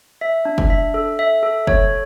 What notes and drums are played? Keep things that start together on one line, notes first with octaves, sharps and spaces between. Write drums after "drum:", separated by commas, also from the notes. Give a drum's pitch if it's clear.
E5
D4
drum: kick
E5
A4
E5
A4
C#5, drum: kick